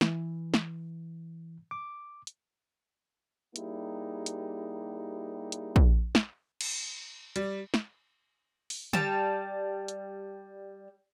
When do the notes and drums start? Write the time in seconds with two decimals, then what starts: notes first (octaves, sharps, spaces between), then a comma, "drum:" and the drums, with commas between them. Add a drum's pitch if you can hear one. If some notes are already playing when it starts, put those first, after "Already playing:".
0.01 E3, drum: snare
0.54 drum: snare
1.71 D6
2.27 drum: hi-hat
3.56 G3 A#3 D#4 E4 G4 G#4, drum: hi-hat
4.26 drum: hi-hat
5.52 drum: hi-hat
5.76 drum: kick
6.15 drum: snare
6.61 drum: cymbal
7.36 G3, drum: hi-hat
7.74 drum: snare
8.70 drum: open hi-hat
8.93 G3 A5, drum: tom D3
9.88 drum: hi-hat